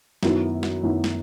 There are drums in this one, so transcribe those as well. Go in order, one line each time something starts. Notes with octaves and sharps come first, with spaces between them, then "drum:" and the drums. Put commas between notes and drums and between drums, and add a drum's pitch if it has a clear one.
F#2 D#3 F#3 B3 E4, drum: snare
drum: snare
F#2 D#3 F#3 B3 E4
drum: snare